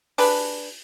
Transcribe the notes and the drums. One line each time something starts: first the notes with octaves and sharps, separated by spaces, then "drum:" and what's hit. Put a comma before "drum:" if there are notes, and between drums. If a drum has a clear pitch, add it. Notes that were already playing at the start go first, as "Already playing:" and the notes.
D4 G#4 B4, drum: open hi-hat